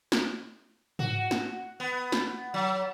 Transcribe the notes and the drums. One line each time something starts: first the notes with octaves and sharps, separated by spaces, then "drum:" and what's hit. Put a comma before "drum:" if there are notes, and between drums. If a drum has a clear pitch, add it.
drum: snare
F#4, drum: tom G#2
drum: snare
B3
drum: snare
F#3